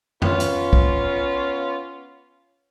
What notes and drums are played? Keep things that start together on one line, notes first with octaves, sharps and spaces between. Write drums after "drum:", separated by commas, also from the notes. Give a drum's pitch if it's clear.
B3 C#4 F4, drum: tom F2
drum: hi-hat
drum: kick B1